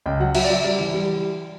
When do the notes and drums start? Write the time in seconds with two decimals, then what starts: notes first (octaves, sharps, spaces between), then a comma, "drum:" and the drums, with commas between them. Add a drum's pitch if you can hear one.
0.06 C#2 G5
0.20 F#3 F#5
0.35 F#3 E5, drum: cymbal
0.44 D5
0.50 F#3 E5
0.64 G3 D5
0.79 E3
0.94 G3